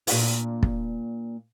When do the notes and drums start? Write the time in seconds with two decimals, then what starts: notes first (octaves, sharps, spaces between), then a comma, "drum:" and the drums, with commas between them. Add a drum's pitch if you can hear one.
0.07 A#2 D4 F4, drum: open hi-hat
0.63 drum: kick